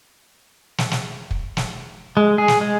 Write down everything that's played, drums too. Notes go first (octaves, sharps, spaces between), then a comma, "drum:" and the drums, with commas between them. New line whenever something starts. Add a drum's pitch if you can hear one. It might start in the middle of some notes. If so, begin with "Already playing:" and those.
drum: snare
drum: snare
drum: kick
drum: snare
G#3
G#4
drum: snare
G#3